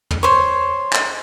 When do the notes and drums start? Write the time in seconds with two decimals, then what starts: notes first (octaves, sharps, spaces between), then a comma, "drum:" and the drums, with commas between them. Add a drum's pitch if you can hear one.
0.11 drum: tom
0.23 C5 C#5
0.93 drum: clap